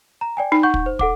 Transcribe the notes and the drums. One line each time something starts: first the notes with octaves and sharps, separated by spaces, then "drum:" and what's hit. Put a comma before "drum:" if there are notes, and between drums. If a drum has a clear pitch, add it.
A#5
D5 G5 G#5
D#4
F#5 C#6 G6
drum: kick
C5
A4 F#5 D6, drum: kick